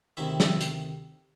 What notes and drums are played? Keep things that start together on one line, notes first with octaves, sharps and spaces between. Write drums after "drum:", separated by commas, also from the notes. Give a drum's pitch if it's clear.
D2 C3 D#3 E4 E5
E4 E5, drum: snare
drum: hi-hat